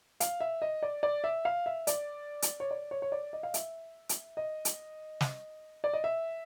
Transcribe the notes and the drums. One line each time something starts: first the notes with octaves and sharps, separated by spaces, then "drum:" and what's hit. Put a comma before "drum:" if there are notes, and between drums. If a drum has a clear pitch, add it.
F5, drum: hi-hat
E5
D#5
D5
D5
E5
F5
E5
D5, drum: hi-hat
drum: hi-hat
C#5
D5
C#5
C#5
D5
D#5
F5
E5, drum: hi-hat
drum: hi-hat
D#5
drum: hi-hat
drum: snare
D5
D#5
E5